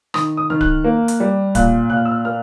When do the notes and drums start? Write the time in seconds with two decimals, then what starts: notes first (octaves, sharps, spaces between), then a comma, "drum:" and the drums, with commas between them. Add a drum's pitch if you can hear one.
0.14 D#3 D#6, drum: rim click
0.37 D#6
0.50 D#3 F6
0.61 F#6, drum: kick D1
0.84 A#3
1.08 drum: hi-hat
1.20 G3
1.55 A#2 F#6, drum: kick D1, hi-hat
1.90 A#2 F#6
1.97 F6
2.05 E6
2.12 F6
2.25 A#3 F6